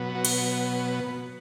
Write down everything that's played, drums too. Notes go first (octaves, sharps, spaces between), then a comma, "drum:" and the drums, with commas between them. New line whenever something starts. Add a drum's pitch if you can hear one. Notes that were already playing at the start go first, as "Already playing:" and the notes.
Already playing: B2 F#3 B3
F#4
drum: cymbal